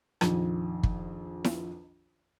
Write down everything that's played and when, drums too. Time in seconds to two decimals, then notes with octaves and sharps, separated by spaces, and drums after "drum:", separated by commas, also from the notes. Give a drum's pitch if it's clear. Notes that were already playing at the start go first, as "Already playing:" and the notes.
0.21 A#1 F2 D#3, drum: rim click
0.83 drum: kick
1.44 drum: snare E4